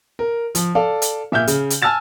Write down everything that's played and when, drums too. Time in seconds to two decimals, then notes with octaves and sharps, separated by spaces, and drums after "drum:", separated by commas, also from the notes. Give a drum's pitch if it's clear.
0.19 A#4
0.55 F3, drum: hi-hat
0.75 A4 D5 F5
1.02 drum: hi-hat
1.32 A#2 E5 F6 G6
1.47 C#3, drum: hi-hat
1.70 drum: hi-hat
1.82 G#5 A5 E6 F6 A6 E7